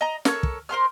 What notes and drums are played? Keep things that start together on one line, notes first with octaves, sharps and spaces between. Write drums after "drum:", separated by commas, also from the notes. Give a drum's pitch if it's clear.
D#5 A#5
A4 A#4 C#5, drum: snare
drum: kick
A#4 C5 C6 F6